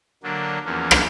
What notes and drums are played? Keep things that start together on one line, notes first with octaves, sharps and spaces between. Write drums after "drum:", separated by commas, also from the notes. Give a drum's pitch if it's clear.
D3 F#3 A#3 D4
E2 F3 A#3 C#4
drum: rim click